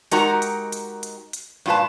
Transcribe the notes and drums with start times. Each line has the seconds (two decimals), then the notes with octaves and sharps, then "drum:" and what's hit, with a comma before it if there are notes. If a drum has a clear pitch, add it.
0.12 G#3 D#4 F#4 G4 A#4 A#5, drum: hi-hat
0.42 drum: hi-hat
0.72 drum: hi-hat
1.03 drum: hi-hat
1.33 drum: hi-hat
1.66 G2 A#2 F4 G4 B4 A5